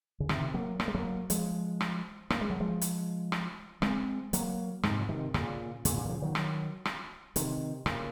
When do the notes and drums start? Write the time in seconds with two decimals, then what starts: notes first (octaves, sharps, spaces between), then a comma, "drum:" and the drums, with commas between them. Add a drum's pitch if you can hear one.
0.20 C#3
0.29 C3 D#3, drum: rim click
0.54 F#3 A#3
0.80 A#3, drum: rim click
0.88 G#3
0.95 F#3 A#3
1.30 F3 G#3, drum: hi-hat
1.81 drum: rim click
2.30 A#3, drum: rim click
2.41 G#3
2.50 F#3
2.60 F3 G#3
2.81 drum: hi-hat
3.32 drum: rim click
3.82 G#3 C4, drum: rim click
4.33 F#3 A#3, drum: hi-hat
4.83 G#2 C3, drum: rim click
5.01 F3
5.09 C3 D#3
5.34 A#2 C#3, drum: rim click
5.85 A#2 C#3, drum: hi-hat
5.97 A#2 C#3
6.05 D#3
6.09 C#3 F3
6.22 D#3 F#3
6.35 drum: rim click
6.85 drum: rim click
7.36 C3 D#3, drum: hi-hat
7.86 A#2 C#3, drum: rim click